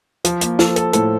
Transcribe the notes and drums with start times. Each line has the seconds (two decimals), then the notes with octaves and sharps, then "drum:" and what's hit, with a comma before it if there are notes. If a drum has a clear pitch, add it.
0.25 F3, drum: hi-hat
0.41 A#3, drum: hi-hat
0.59 F3 A4, drum: snare
0.76 A4, drum: hi-hat
0.93 A2 A4, drum: hi-hat